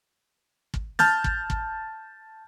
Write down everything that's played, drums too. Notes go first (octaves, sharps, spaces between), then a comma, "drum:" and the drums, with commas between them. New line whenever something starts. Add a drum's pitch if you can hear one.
drum: kick
A5 F6 G6 A6, drum: snare
drum: kick
drum: kick